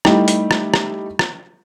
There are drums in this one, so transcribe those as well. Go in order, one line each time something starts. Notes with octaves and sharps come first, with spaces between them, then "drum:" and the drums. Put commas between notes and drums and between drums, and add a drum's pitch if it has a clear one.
G3 A3 D#4 E4 G4, drum: rim click
drum: hi-hat
drum: rim click
drum: rim click
drum: rim click